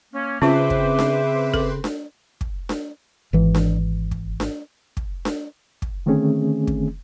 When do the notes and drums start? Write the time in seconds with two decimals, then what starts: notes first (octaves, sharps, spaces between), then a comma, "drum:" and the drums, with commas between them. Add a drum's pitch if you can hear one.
0.13 A#3 C#4
0.42 C#3 C4 C#4 F4 B4 C5 E5 D6
0.70 drum: kick
0.99 drum: snare D4
1.54 A4, drum: kick
1.84 drum: snare D4
2.41 drum: kick
2.69 drum: snare D4
3.33 G#1 E3
3.55 drum: snare D4
4.11 drum: kick
4.40 drum: snare D4
4.97 drum: kick
5.25 drum: snare D4
5.82 drum: kick
6.06 D3 D#3 A3 C4 C#4 G#4
6.67 drum: kick